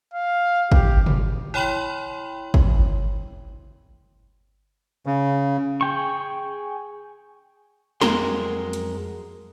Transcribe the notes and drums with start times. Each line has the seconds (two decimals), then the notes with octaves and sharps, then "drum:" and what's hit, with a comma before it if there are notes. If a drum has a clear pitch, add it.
0.14 F5
0.72 G4, drum: kick
1.06 drum: tom
1.54 E4 C#5 G5 B5 C6 F#7
2.54 drum: kick
5.06 C#3
5.81 G#4 G5 C#6
8.01 F2 G#2 F#3 G#3 A#4 C6, drum: snare
8.73 drum: hi-hat